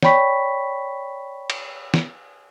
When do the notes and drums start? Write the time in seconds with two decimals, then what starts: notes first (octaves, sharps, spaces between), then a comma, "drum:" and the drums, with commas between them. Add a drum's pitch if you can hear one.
0.03 C#5 D5 G5 B5 C#6 B6, drum: snare
1.50 drum: cymbal
1.94 drum: snare